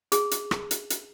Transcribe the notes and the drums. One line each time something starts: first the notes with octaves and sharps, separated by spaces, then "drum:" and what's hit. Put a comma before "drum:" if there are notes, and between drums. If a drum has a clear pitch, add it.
G#4, drum: hi-hat
drum: hi-hat
drum: rim click
drum: hi-hat
drum: hi-hat